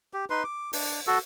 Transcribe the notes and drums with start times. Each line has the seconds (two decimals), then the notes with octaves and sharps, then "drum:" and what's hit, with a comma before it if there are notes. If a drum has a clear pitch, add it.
0.14 G4
0.30 D#4 B4 C6
0.44 D6
0.73 D4, drum: open hi-hat
1.07 F#4 A4